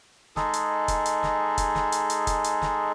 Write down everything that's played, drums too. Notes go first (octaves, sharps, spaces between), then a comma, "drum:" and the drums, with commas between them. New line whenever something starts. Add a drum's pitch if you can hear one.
G#3 D#4 G#4 A4, drum: snare
drum: hi-hat
drum: kick, hi-hat
drum: hi-hat
drum: snare
drum: kick, hi-hat
drum: snare
drum: hi-hat
drum: hi-hat
drum: kick, hi-hat
drum: hi-hat
drum: snare